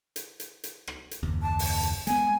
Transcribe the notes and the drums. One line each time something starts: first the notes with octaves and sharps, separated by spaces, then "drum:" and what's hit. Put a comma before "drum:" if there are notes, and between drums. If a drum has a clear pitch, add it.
drum: hi-hat
drum: hi-hat
drum: hi-hat
drum: rim click
drum: hi-hat
F#1 D#2
A5
drum: open hi-hat
drum: hi-hat
G#3 B3 G#5, drum: hi-hat